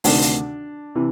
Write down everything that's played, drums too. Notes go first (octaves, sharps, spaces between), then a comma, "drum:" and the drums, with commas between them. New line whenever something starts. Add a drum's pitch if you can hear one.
D2 C3 D#3 D4, drum: open hi-hat
drum: hi-hat
C3 E3